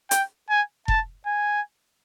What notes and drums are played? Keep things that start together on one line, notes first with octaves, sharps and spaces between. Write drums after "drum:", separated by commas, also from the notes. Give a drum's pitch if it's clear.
G5, drum: hi-hat
G#5
A5, drum: kick F1
G#5